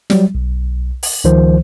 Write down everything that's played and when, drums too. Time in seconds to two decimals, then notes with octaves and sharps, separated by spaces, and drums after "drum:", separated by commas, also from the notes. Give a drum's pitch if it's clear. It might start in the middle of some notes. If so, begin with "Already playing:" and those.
0.10 F#3 G3, drum: snare
0.35 B1
1.03 drum: open hi-hat
1.24 C#2 D#3 F3 C5